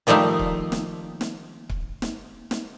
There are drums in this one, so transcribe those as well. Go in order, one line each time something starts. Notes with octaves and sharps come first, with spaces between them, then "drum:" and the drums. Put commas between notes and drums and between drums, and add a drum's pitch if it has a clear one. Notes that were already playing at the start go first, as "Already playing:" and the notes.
D#3 F3 G3 A3 D#4 F5
drum: kick C#1
drum: snare
drum: snare
drum: kick C#1
drum: snare
drum: snare